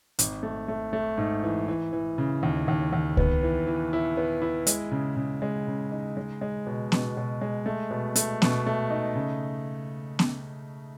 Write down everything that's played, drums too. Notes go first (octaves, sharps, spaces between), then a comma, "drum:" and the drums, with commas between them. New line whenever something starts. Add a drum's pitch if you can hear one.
G#1, drum: hi-hat
A3
A3
A3
G#2
E3
E3
E3
C#3
D#2
D#2
D#2
B3, drum: kick C#2
E3
E3
E4
B3
E4
G#3, drum: hi-hat
C#3
C#3
G#3
C#3
D#4
G#3
G#3
B2
B2, drum: snare B3
B2
G#3
A3
B2
A3, drum: hi-hat
B2, drum: snare B3
A3
D#4
C#3
drum: snare B3